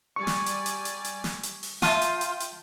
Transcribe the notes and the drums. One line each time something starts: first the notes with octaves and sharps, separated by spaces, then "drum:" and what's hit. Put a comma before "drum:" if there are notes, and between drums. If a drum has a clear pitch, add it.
G3 D5 G#5 C#6
drum: snare
drum: hi-hat
drum: hi-hat
drum: hi-hat
drum: hi-hat
drum: snare
drum: hi-hat
drum: open hi-hat
F4 E5 G5 A5 D#6, drum: snare
drum: hi-hat
drum: hi-hat
drum: hi-hat